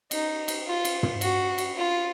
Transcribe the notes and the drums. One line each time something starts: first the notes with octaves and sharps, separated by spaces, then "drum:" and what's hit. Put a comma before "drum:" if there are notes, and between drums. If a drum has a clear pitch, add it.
D#4, drum: cymbal
drum: cymbal
F4
drum: cymbal
drum: tom
F#4, drum: cymbal
drum: cymbal
F4